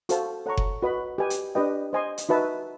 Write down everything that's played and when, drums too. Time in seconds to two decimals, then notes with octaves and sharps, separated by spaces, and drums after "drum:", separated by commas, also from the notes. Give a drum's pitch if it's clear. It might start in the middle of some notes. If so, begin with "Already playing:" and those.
0.09 F#4 A4 C5 F5 A5, drum: hi-hat
0.46 A4 C#5 F#5 A#5 C#6
0.57 drum: kick F#1
0.83 F#4 B4 D#5 F#5 B5
1.18 G4 B4 D#5 G#5
1.30 drum: hi-hat
1.55 D4 G4 B4 D#5 G5
1.93 C5 D#5 G#5 C6
2.18 drum: hi-hat
2.29 D#4 F#4 B4 E5 A5